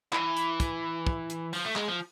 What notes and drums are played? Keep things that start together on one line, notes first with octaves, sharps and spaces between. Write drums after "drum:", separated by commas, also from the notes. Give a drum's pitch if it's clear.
E3, drum: clap
drum: hi-hat
drum: kick, hi-hat
drum: kick
drum: hi-hat
F3, drum: open hi-hat
A3
G#3, drum: clap
F3